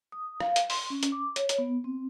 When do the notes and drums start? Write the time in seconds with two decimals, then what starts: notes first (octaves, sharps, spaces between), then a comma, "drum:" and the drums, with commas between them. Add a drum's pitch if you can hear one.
0.12 D#6
0.40 F5, drum: rim click
0.56 drum: hi-hat
0.70 C6, drum: open hi-hat
0.90 C#4
1.03 drum: hi-hat
1.12 D6
1.36 C#5, drum: hi-hat
1.49 drum: hi-hat
1.58 B3
1.84 C4